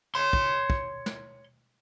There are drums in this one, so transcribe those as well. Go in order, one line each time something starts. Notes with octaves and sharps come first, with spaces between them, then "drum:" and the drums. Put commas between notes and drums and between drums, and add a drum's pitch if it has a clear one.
C#5 C6
drum: kick
drum: kick
drum: snare